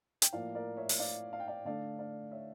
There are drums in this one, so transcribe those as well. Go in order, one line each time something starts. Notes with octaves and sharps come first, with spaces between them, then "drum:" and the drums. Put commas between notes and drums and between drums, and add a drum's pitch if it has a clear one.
G5, drum: hi-hat
A2 F3 A#3 D5 F5
A#4 D5
C#5 E5
drum: open hi-hat
D5 F5
F5
G5
D5 F5
D3 A3 D5 F5
D5 F5
C#5 E5